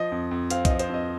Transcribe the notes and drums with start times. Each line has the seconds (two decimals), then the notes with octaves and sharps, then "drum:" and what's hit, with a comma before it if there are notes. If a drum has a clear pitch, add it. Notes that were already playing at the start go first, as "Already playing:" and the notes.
Already playing: F3 D#5
0.12 F2
0.31 F2
0.50 C4 F5, drum: hi-hat
0.65 D#5, drum: kick B1, hi-hat
0.70 F3
0.79 C5, drum: hi-hat
0.89 F2 D#5